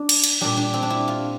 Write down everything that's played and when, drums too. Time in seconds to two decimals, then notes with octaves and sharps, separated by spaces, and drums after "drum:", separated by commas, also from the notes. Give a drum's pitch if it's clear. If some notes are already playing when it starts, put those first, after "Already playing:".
Already playing: D4
0.09 drum: cymbal
0.24 drum: cymbal
0.41 A#2 G3 D4
0.57 D4
0.74 C4
0.83 D4
0.90 E4
1.08 F4